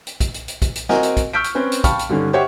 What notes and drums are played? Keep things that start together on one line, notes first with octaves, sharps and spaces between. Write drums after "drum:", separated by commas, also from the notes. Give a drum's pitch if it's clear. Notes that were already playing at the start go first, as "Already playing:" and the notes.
drum: hi-hat
drum: kick, hi-hat
drum: hi-hat
drum: hi-hat
drum: kick, hi-hat
drum: hi-hat
C4 F#4 A#4 D#5 F#5 G#5, drum: snare
drum: hi-hat
drum: kick, hi-hat
C#6 E6 F6 G6 B6 D7
drum: hi-hat
C4 C#4 B4
drum: hi-hat
F5 G5 A5 B5 C#6 F6, drum: kick, hi-hat
drum: hi-hat
G2 D3 D#3 C#4
G4 C5 C#5 E5 F#5 G5